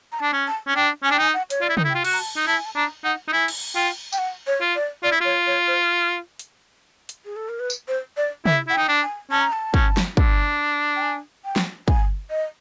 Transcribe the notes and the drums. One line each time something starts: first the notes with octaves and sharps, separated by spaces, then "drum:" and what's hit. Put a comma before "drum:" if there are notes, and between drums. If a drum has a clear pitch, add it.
A#5
D4 A5
C#4
A5
C#4
D4 G5
C#4 G#5
D4 G5
D#4 G#5
F#5
C#5, drum: hi-hat
F4 D5
E4
D#4, drum: tom
E4
G5
F4
F#4, drum: cymbal
A#5
A5
D#4
E4 A5
G#5
A5
D4 A#5
D#4 F#5
D#4
E4 G#5
drum: cymbal
F4 G5
G5, drum: tambourine
F#5
C#5
F4
D5
F4 D5
E4
F4 C#5
C#5
C5
drum: hi-hat
drum: hi-hat
G#4
A4
A#4
B4
drum: tambourine
C5
D5
E4 E5, drum: tom
E4 F#5
G5
D#4
D4
G#5
C#4 A5
A#5
A5
C#4, drum: kick
drum: snare
D4, drum: kick
G5
G#5
G5
drum: snare
G#5, drum: kick
D#5